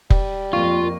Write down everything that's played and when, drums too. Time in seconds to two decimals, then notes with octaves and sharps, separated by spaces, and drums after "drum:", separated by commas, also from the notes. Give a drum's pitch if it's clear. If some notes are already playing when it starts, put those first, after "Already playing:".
0.10 G3, drum: kick F1
0.53 F2 A#3 F4 C#6